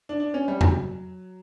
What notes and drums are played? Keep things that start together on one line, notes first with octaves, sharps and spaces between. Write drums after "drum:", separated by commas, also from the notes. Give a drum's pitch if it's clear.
D4
D4
C#4
G3
F#3, drum: tom E2